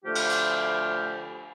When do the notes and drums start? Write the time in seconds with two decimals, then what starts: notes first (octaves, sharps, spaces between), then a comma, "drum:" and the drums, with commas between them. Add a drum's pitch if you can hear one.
0.05 D3 F3 A3 F4 G4
0.15 drum: cymbal
0.30 drum: cymbal